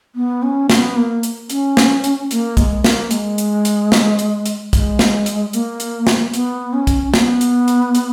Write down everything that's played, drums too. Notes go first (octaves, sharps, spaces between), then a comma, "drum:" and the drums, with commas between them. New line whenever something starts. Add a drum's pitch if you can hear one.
B3
C#4
B3, drum: snare
A#3
drum: hi-hat
C#4, drum: hi-hat
drum: snare
drum: hi-hat
A#3, drum: hi-hat
G#3, drum: kick, hi-hat
A#3, drum: snare
G#3, drum: hi-hat
drum: hi-hat
drum: hi-hat
drum: snare
drum: hi-hat
drum: hi-hat
G#3, drum: kick, hi-hat
drum: snare
drum: hi-hat
A#3, drum: hi-hat
drum: hi-hat
drum: snare
B3, drum: hi-hat
C#4
drum: kick, hi-hat
B3, drum: snare
drum: hi-hat
drum: hi-hat
drum: hi-hat